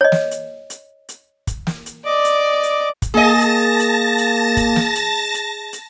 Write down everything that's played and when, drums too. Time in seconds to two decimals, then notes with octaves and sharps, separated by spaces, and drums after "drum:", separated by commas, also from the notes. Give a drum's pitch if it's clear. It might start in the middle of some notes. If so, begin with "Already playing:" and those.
0.01 C#5 D#5
0.12 drum: snare
0.31 drum: hi-hat
0.70 drum: hi-hat
1.09 drum: hi-hat
1.47 drum: kick, hi-hat
1.67 drum: snare
1.86 drum: hi-hat
2.05 D5 D#5 D6
2.25 drum: hi-hat
2.63 drum: hi-hat
3.02 drum: kick, hi-hat
3.14 A#3 G#4 D#5 A5 A6 A#6
3.41 drum: hi-hat
3.79 drum: hi-hat
4.18 drum: hi-hat
4.57 drum: kick, hi-hat
4.76 drum: snare
4.95 drum: hi-hat
5.34 drum: hi-hat
5.73 drum: hi-hat